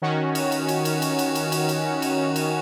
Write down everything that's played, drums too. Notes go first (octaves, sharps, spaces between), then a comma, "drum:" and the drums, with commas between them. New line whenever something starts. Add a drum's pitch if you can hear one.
D#3 C#4 F#4
drum: cymbal
drum: cymbal
drum: cymbal
drum: cymbal
drum: cymbal
drum: cymbal
drum: cymbal
drum: cymbal
drum: cymbal
drum: cymbal
drum: cymbal